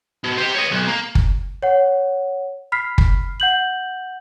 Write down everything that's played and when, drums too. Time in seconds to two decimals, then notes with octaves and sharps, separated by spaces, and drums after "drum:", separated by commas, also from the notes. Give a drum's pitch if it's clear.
0.24 B2
0.38 G4 C5
0.55 C#5 D#5
0.72 B1
0.88 A#3
1.15 drum: kick
1.63 C#5 F#5
2.72 B5 F6 B6 C7
2.98 drum: kick
3.40 F#5 G6 F#7